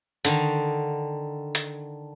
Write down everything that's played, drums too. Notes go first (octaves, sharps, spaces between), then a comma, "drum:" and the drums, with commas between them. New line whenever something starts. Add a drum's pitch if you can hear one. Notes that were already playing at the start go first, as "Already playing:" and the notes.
D3 D#3, drum: hi-hat
drum: hi-hat